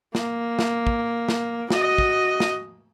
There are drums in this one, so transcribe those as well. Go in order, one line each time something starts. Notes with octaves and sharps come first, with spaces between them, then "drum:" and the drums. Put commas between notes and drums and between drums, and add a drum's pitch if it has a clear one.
A#3, drum: snare
drum: snare
drum: kick
drum: snare
F#4 D#5, drum: snare
drum: kick
drum: snare